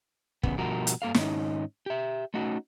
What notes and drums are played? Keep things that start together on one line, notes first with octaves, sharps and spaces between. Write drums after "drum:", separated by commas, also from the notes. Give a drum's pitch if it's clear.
E2 C#3 B3, drum: kick
B2 F3 G3 F#4 A#4
drum: hi-hat
G2 A#3 A4 F5
G#2 D#3 C#4 D#4, drum: snare
G4 E5
A3 C#4 D#4 F#4